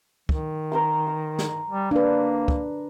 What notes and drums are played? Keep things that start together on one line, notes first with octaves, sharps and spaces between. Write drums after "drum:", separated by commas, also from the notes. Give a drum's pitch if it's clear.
D#3, drum: kick
A#4 C5 C6
A#5
drum: snare
G3
A#3 D4 B4
drum: kick